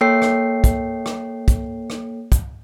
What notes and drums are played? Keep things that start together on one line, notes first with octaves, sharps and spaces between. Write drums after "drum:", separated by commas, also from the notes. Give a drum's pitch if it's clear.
A#3 A4 C#5 G5 C7
drum: rim click
drum: kick, hi-hat
drum: rim click
drum: kick, hi-hat
drum: rim click
drum: kick, hi-hat